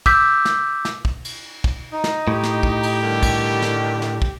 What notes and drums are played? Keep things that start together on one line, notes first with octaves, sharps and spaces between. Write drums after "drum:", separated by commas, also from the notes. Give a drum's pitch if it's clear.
D6 E6 G6 B6, drum: kick, cymbal
drum: snare
drum: snare
drum: kick
drum: cymbal
drum: kick
D#4
drum: snare
A2 G4
drum: snare
drum: kick
drum: cymbal
D3 D#3 G3
drum: kick, cymbal
drum: snare
drum: snare
drum: kick